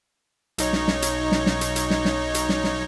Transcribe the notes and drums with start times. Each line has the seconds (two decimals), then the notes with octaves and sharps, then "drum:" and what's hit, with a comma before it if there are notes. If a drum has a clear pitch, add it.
0.58 B1 D#4 C#5, drum: hi-hat
0.73 drum: snare
0.88 drum: snare
1.02 drum: hi-hat
1.32 drum: snare
1.46 drum: snare
1.61 drum: hi-hat
1.76 drum: hi-hat
1.90 drum: snare
2.05 drum: snare
2.34 drum: hi-hat
2.49 drum: snare
2.64 drum: snare